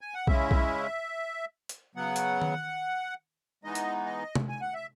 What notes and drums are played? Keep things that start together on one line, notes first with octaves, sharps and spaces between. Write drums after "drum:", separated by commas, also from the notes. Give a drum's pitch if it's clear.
G#5
F#5
C#3 G#3 C#4 E4 E5, drum: kick B1
drum: kick B1
drum: hi-hat
C#3 F#3 B3 F#5
drum: hi-hat
drum: tom D#3
E3 G#3 B3 D#4 D#5
drum: hi-hat
D#5
drum: tom C3
G#5
F#5
E5